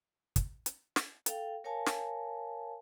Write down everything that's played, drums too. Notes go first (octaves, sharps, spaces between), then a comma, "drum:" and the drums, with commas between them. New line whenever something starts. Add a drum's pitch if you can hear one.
drum: kick, hi-hat
drum: hi-hat
drum: snare
A4 F5 G5, drum: hi-hat
A#4 C#5 F5 G#5 A5
drum: snare